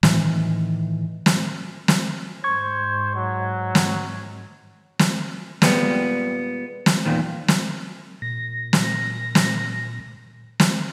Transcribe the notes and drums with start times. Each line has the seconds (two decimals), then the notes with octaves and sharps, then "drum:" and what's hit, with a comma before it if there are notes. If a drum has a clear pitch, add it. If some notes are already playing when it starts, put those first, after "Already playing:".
0.03 A2 D#3 E3, drum: snare
1.26 drum: snare
1.88 drum: snare
2.44 G#2 C5 C#6 G#6
3.16 F#3
3.75 drum: snare
4.99 drum: snare
5.62 A#2 G3 G#3 B3, drum: snare
6.86 drum: snare
7.05 E2 A#2 D#3
7.48 drum: snare
8.22 A#2 A#6
8.73 drum: snare
9.35 drum: snare
10.60 drum: snare